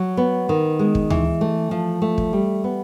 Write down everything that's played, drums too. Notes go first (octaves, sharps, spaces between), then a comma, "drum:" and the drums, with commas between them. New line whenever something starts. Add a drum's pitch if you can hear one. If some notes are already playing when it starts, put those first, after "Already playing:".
Already playing: F#3
B3
D#3
G#3
drum: kick
E3, drum: tom D2
A3
F3
A3
drum: kick
G3
B3